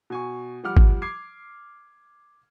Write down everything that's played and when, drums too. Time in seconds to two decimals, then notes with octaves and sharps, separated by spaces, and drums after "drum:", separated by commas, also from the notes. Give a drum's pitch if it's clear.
0.10 B2 G#5 C#6
0.64 F3 G3 F#5 D6 F6
0.77 drum: kick G#1
1.02 D6 G#6 C7